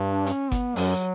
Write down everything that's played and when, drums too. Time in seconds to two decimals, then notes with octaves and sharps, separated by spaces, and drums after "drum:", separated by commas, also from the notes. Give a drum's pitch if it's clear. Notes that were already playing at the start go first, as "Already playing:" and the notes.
Already playing: G2
0.09 D4
0.26 C#4, drum: hi-hat
0.52 B3, drum: kick G1, hi-hat
0.76 F#2 F#3, drum: open hi-hat